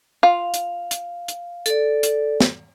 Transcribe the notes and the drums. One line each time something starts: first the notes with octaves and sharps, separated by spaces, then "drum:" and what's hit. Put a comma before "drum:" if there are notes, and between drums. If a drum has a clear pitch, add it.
F4 F5
drum: hi-hat
drum: hi-hat
drum: hi-hat
A4 D5, drum: hi-hat
drum: hi-hat
drum: snare